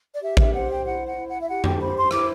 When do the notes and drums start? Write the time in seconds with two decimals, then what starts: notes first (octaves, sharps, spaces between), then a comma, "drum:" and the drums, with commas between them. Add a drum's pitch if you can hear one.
0.13 D5
0.21 G4 E5
0.37 E5, drum: kick A1
0.53 C5 F#5
0.69 G5
0.85 E4 F#5
1.06 F#5
1.16 E4
1.27 F#5
1.40 E5
1.48 G4 F#5
1.64 G5, drum: tom F2
1.80 C5 B5
1.96 C6
2.11 E4 D6, drum: rim click